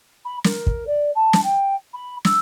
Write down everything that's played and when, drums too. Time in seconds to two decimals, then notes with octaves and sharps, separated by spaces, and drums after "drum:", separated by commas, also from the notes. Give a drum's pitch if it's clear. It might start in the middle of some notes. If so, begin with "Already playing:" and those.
0.25 B5
0.44 A#4, drum: snare
0.67 drum: kick
0.87 D5
1.15 A5
1.33 drum: snare
1.43 G5
1.93 B5
2.25 E6, drum: snare